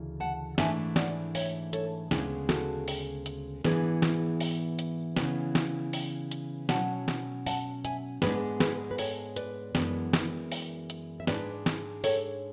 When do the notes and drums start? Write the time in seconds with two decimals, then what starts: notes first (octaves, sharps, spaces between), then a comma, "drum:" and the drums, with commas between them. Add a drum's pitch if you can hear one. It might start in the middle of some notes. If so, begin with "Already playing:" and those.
Already playing: D2 C#3 E3
0.20 F#5 A5
0.58 G#2 E3 A3 D4 E5 G#5, drum: snare
0.96 D5 F#5, drum: snare
1.35 C#5 E5, drum: open hi-hat
1.73 A4 C#5, drum: hi-hat
2.11 D2 C#3 G#3 B3 D4 E4 G#4, drum: snare
2.49 F#4 A4, drum: snare
2.88 drum: open hi-hat
3.26 drum: hi-hat
3.64 G#2 E3 B3 D4 G#4 B4, drum: snare
4.02 drum: snare
4.40 drum: open hi-hat
4.79 drum: hi-hat
5.16 C#3 E3 B3, drum: snare
5.55 drum: snare
5.93 drum: open hi-hat
6.31 drum: hi-hat
6.69 B2 F#3 C#4 F#5 A5, drum: snare
7.08 drum: snare
7.47 F#5 A5, drum: open hi-hat
7.85 E5 G#5, drum: hi-hat
8.22 G#2 G#3 B3 D4 G#4 B4, drum: snare
8.60 G#4 B4, drum: snare
8.91 B4
8.98 A4 C#5, drum: open hi-hat
9.36 B4 D5, drum: hi-hat
9.75 F#2 E3 G#3 B3 D4, drum: snare
10.13 drum: snare
10.52 drum: open hi-hat
10.90 drum: hi-hat
11.20 E5
11.27 G#2 G#3 D4 B4 D5, drum: snare
11.66 drum: snare
12.04 A4 C#5, drum: open hi-hat